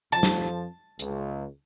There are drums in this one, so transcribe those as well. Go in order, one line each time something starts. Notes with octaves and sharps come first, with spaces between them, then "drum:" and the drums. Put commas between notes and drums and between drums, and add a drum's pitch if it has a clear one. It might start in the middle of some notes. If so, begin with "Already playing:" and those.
F2 F3 A5
drum: snare
C#2, drum: hi-hat